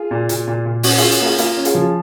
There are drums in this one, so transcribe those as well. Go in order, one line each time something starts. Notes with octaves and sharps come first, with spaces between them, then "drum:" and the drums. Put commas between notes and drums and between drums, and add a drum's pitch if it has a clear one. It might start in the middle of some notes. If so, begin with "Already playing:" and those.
Already playing: F4 G#4
A#2
A#2, drum: hi-hat
A#2
A#2
C#4 F#4, drum: open hi-hat
C#4 F4 G#4, drum: hi-hat
F#4, drum: hi-hat
A#3 F4 G#4
A#3 F4, drum: hi-hat
C#4
F4 G#4, drum: hi-hat
F3